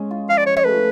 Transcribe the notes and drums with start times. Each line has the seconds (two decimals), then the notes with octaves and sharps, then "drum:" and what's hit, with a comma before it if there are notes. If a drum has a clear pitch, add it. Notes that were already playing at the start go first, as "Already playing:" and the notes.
Already playing: G#3 C#4
0.11 F4
0.29 F3 F5
0.38 D5
0.46 F3 C#5
0.56 C#5, drum: tom
0.64 A3 B4